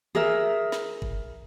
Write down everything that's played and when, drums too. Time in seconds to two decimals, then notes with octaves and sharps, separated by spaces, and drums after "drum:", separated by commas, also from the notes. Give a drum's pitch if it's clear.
0.15 G#4 A#4 E5, drum: tom D#3
0.72 drum: snare
1.02 drum: kick F#1